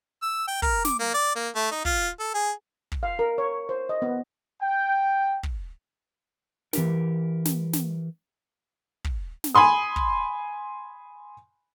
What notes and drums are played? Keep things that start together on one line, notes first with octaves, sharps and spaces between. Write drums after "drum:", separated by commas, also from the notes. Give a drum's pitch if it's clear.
E6
G5
A#4, drum: kick
D6, drum: snare
A#3
D5
A#3
A3
D#4
F4, drum: kick
A4
G#4
drum: kick
F5
A#4
C#5
C5
D#5
B3
G5
drum: kick
E3 G4 A#4, drum: snare
drum: snare
drum: snare
drum: kick
drum: snare
G#5 B5 C6 D#6
drum: kick